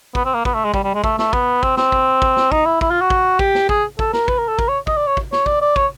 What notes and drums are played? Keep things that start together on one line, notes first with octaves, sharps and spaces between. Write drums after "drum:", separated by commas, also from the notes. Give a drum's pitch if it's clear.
B3, drum: kick
C4
A#3
B3, drum: kick
A3
G#3
G3, drum: kick
G3
G#3
A3, drum: kick
A3, drum: snare
B3, drum: kick
C4, drum: kick
C4, drum: snare
drum: kick
drum: kick
drum: snare
D#4, drum: kick
E4
E4, drum: kick
F4
F#4
drum: kick
G4, drum: kick
drum: snare
G#4, drum: kick
A4, drum: kick
A#4, drum: snare
B4, drum: kick
A#4
A4
A#4, drum: kick
C#5
D#5, drum: kick
D5
C#5
drum: kick
C#5, drum: snare
D5, drum: kick
D5
C#5, drum: kick